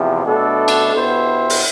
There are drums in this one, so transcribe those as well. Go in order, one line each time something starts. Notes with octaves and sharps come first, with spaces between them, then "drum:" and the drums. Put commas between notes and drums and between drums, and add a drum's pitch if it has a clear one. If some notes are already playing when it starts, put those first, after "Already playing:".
Already playing: E2 C3 F3
B2 A3 D4 A4
drum: cymbal
B2 B3 E4 G4 C5
drum: open hi-hat